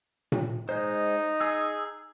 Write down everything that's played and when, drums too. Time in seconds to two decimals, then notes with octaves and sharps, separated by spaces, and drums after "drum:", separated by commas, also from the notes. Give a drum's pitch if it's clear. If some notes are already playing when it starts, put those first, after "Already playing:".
0.32 drum: tom A#2
0.69 G#3 D#4 C5
1.41 G#4 E6